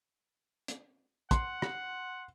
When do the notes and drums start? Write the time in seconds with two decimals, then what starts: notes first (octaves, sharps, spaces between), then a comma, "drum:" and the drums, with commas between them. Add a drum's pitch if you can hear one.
0.68 drum: hi-hat
1.31 F#5 C6, drum: kick, hi-hat
1.62 drum: rim click